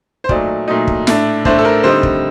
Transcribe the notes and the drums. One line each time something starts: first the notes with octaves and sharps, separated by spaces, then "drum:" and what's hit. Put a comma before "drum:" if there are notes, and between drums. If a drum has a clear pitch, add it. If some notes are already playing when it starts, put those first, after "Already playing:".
C5
A#2 F#3 A3 D#4 D5, drum: kick
A#2 F#3 A3 D#4
drum: kick
A2 A3 D4, drum: snare
A2 A3 D4 C5, drum: kick
A4
A#4
D3 G3 C4 D#4 C5
drum: kick